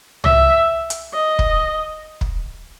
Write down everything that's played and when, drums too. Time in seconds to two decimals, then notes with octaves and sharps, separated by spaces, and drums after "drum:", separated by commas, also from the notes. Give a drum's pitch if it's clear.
0.24 E5, drum: tom
0.90 drum: hi-hat
1.14 D#5
1.39 drum: kick
2.21 drum: kick